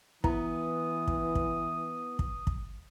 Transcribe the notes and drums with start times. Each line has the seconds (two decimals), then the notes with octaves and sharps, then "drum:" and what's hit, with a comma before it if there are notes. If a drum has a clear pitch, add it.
0.24 E3 B3 E4 A#5 D#6, drum: kick
1.08 drum: kick
1.35 drum: kick
2.19 drum: kick
2.47 drum: kick